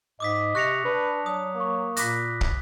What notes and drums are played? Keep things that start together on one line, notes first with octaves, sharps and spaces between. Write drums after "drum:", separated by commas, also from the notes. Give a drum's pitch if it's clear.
G#2 D#5 D6 D#6 B6
C3 C#6 F#6 A#6 C#7 F7
D4 B4
F#3 D#6
A#3 C#6 D6
A#2 B5 D6 F#6 A#6 B6, drum: hi-hat
drum: kick